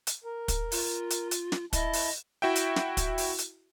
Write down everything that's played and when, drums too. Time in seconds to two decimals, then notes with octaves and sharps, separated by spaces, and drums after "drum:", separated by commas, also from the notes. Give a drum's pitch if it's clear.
0.07 drum: hi-hat
0.24 A#4
0.48 drum: kick, hi-hat
0.72 F4, drum: open hi-hat
1.10 drum: hi-hat
1.31 drum: hi-hat
1.52 drum: snare
1.73 E4 D#5 A5, drum: kick, hi-hat
1.93 drum: open hi-hat
2.42 E4 F#4 E5 G5
2.56 drum: hi-hat
2.76 drum: snare
2.97 drum: kick, hi-hat
3.18 drum: open hi-hat
3.38 drum: hi-hat